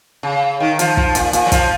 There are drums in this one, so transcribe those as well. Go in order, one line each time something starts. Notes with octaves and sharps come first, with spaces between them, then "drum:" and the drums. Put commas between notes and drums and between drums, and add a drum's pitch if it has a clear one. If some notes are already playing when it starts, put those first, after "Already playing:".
C#3
D#3
F3, drum: hi-hat
F3, drum: kick
A#2, drum: hi-hat
A#2, drum: hi-hat
F#3
F3, drum: kick, hi-hat